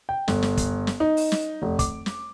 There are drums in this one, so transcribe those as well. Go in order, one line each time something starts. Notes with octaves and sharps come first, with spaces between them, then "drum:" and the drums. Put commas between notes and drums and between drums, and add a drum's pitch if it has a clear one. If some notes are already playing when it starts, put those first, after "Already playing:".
G5
G1, drum: snare
drum: snare
drum: kick, hi-hat
drum: snare
D#4
drum: open hi-hat
drum: snare
F1
D6, drum: kick, hi-hat
drum: snare